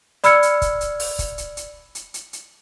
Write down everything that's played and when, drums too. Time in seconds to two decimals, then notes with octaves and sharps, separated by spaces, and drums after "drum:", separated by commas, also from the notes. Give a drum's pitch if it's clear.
0.24 D5 B5 E6 F6 G#6 C#7, drum: hi-hat
0.43 drum: hi-hat
0.62 drum: kick, hi-hat
0.81 drum: hi-hat
1.00 drum: open hi-hat
1.19 drum: kick, hi-hat
1.38 drum: hi-hat
1.57 drum: hi-hat
1.95 drum: hi-hat
2.14 drum: hi-hat
2.33 drum: hi-hat